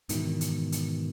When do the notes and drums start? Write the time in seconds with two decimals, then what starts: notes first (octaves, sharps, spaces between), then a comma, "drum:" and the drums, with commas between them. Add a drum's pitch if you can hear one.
0.09 G#2 B2 D#3 E3, drum: hi-hat
0.41 drum: hi-hat
0.72 drum: hi-hat